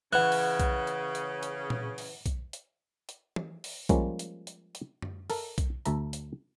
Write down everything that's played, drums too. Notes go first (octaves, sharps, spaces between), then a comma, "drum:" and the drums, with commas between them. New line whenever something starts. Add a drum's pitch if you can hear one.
C#3 E3 F#5 F#6
drum: open hi-hat
drum: kick B1, hi-hat
drum: hi-hat
drum: hi-hat
drum: hi-hat
drum: tom A#2
drum: open hi-hat
drum: kick B1, hi-hat
drum: hi-hat
drum: hi-hat
drum: tom
drum: open hi-hat
F3 G3 G#3 A#3 C#4, drum: kick B1, hi-hat
drum: hi-hat
drum: hi-hat
drum: hi-hat
drum: tom F#2
A4 A#4, drum: open hi-hat
drum: kick B1, hi-hat
D2 A4 E5 A#5, drum: hi-hat
drum: hi-hat